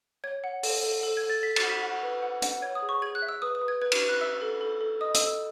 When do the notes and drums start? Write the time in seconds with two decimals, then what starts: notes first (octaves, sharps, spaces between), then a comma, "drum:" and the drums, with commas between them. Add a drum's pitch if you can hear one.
0.24 C#5 G#6
0.44 F#5
0.63 A4, drum: open hi-hat
0.83 A4
1.03 A4
1.17 G#6
1.23 A4
1.30 A6
1.43 A4 B6
1.56 A6, drum: cymbal
1.63 F#5
1.69 B6
1.82 F#5
2.03 B4
2.22 F#5
2.42 F#5, drum: hi-hat
2.62 C#5 G#6
2.75 D#6
2.82 G#4
2.89 C#6
3.02 G#4 G#6
3.15 F#6
3.22 E5
3.28 E6
3.42 B4 D#6
3.55 D#6
3.61 B4
3.68 G#6
3.82 B4 G#6
3.92 drum: cymbal
4.02 B4
4.08 F#6
4.21 E5 E6
4.42 A4
4.61 A4
4.81 A4
5.01 D#5 D#6
5.14 E6, drum: hi-hat
5.20 A4
5.27 E6